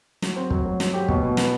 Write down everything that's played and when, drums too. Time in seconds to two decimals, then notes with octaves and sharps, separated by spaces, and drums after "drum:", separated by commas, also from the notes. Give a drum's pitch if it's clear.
0.22 F#3, drum: snare
0.36 C4
0.50 F#3, drum: kick
0.66 F#3
0.80 F#3, drum: snare
0.94 G4
1.08 B2, drum: kick
1.23 B2
1.37 B3, drum: snare